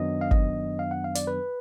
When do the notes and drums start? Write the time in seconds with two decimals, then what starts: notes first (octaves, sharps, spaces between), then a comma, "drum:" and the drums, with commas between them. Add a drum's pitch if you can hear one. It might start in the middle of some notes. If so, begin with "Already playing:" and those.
Already playing: F#2 D#3 F#3 B3 D4 D#5
0.21 F5
0.31 D#5, drum: kick G1
0.79 F5
0.91 F#5
1.04 F5
1.15 D5, drum: hi-hat
1.27 B4